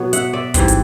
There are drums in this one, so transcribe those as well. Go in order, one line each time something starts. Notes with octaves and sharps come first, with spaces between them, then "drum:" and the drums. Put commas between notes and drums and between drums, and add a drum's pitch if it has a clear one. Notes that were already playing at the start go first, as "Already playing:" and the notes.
Already playing: B2 F#3 B3
E5 F#5, drum: hi-hat
D5 E5
G#2 E3 G3 C4, drum: kick, hi-hat
drum: hi-hat